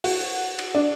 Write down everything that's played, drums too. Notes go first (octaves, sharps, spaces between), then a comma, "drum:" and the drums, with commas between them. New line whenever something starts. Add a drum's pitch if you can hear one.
F#4, drum: open hi-hat
drum: cymbal
D4